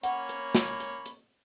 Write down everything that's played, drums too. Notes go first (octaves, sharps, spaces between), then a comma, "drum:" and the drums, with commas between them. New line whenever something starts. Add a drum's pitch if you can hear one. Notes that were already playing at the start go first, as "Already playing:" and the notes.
A#3 C#4 C#5 F#5 B5, drum: hi-hat
drum: hi-hat
drum: snare
drum: hi-hat
drum: hi-hat